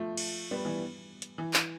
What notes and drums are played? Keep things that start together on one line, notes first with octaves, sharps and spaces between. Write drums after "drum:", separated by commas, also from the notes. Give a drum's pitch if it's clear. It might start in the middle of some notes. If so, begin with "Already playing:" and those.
Already playing: F3 A3
drum: cymbal
G3 B3
E3 G3
drum: hi-hat
E3
drum: clap